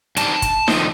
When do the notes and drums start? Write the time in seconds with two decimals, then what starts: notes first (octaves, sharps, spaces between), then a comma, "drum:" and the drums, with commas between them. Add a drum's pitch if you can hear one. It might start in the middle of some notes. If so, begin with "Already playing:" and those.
0.17 G2 D3 G3 C4 D#4 A5, drum: hi-hat
0.42 drum: kick, hi-hat
0.68 D3 F3 C4 D#4, drum: snare D#4